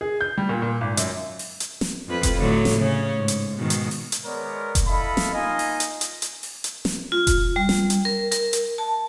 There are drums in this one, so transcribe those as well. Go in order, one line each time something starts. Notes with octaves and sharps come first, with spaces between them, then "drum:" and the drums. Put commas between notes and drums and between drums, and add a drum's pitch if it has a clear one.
G#4
G6
G3
A#2
A#2
G#1
F#2, drum: hi-hat
drum: open hi-hat
drum: hi-hat
drum: snare
F2 B4
drum: kick F1, hi-hat
A2 D3 F#3
drum: snare
C#3 C#4
G#2
drum: hi-hat
G#2 B2 D#3
drum: hi-hat
drum: open hi-hat
drum: hi-hat
G#3 B3 A#4 C#5 D5
drum: kick F1, hi-hat
E4 A4 D#5 F5 B5
drum: snare
A#3 D#4 F4 D#5 F5 G#5
drum: open hi-hat
drum: hi-hat
drum: hi-hat
drum: hi-hat
drum: open hi-hat
drum: hi-hat
drum: snare
F4
drum: kick F1, hi-hat
G3
drum: snare
drum: hi-hat
A#4
A#4, drum: hi-hat
drum: hi-hat
A5